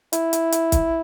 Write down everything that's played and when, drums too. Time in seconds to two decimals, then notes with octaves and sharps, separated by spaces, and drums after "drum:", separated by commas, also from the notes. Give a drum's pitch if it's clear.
0.13 E4, drum: hi-hat
0.33 drum: hi-hat
0.52 drum: hi-hat
0.72 drum: kick, hi-hat